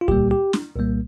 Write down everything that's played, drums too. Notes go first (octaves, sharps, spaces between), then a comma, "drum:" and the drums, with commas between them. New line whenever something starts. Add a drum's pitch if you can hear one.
F4
C2 A#2 G3 A#3 G4, drum: kick D2
G4
drum: snare
C2 A#2 G3 A#3